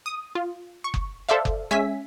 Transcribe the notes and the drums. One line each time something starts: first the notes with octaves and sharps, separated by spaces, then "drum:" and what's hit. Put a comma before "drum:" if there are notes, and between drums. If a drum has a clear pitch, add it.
D#6
F4
C#6
drum: kick F#1
A4 C5 D5 E5 F5
drum: kick F#1
G#3 C#4 E5 G#5 B6